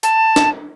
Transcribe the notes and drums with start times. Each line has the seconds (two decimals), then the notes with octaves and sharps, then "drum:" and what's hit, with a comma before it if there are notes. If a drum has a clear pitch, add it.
0.03 A5, drum: hi-hat
0.36 drum: snare